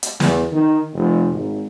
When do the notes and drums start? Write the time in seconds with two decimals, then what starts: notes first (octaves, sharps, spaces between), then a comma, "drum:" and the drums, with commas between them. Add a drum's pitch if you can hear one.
0.03 drum: hi-hat
0.20 E2, drum: snare
0.52 D#3
0.94 F1
1.33 G#1